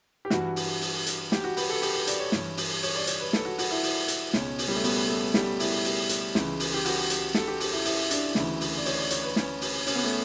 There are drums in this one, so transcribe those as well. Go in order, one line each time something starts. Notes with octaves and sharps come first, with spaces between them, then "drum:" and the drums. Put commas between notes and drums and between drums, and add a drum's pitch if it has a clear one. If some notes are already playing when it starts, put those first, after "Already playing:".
G4
G2 E3 F#4, drum: snare
drum: open hi-hat
drum: open hi-hat
drum: hi-hat
G4, drum: snare
F#4
B4, drum: open hi-hat
A4
G4, drum: open hi-hat
B4
D5, drum: hi-hat
C#5
G2 E3, drum: snare
drum: open hi-hat
C#5, drum: open hi-hat
D5
C#5, drum: hi-hat
B4
A4, drum: snare
F#4
F#4, drum: open hi-hat
E4
E4, drum: open hi-hat
drum: hi-hat
C#2 B2 C#4, drum: snare
drum: open hi-hat
G3
A3
B3, drum: open hi-hat
A3
G3, drum: snare
E4, drum: open hi-hat
drum: open hi-hat
drum: hi-hat
C#2 C#3 E3, drum: snare
drum: open hi-hat
G4
F#4, drum: open hi-hat
drum: hi-hat
A4, drum: snare
G4
G4, drum: open hi-hat
E4
E4, drum: open hi-hat
D4, drum: hi-hat
D2 C#3 E3 E4, drum: snare
drum: open hi-hat
D5
C#5, drum: open hi-hat
D5
C#5, drum: hi-hat
B4
C#4, drum: snare
drum: open hi-hat
C#4, drum: open hi-hat
B3
A3